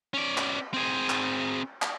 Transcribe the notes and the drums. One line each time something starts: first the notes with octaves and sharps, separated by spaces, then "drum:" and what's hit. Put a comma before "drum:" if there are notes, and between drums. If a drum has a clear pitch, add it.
C#4 D5
drum: clap
C4 G#4
drum: clap
drum: clap